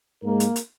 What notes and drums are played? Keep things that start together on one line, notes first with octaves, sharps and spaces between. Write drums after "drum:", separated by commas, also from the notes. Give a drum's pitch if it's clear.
G#2 G#3 A#3 A#4
drum: hi-hat
drum: hi-hat